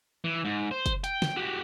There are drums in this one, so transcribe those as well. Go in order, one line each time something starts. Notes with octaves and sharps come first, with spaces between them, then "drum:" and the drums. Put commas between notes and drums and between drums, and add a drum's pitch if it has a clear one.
E3
G#2
C5
drum: kick, hi-hat
G5, drum: hi-hat
drum: snare
F#4 G4